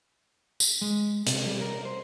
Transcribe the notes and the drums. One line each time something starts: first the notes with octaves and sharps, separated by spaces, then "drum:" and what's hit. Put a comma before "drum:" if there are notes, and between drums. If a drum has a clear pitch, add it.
drum: tambourine
G#3
C3, drum: hi-hat
G3
A#4
C5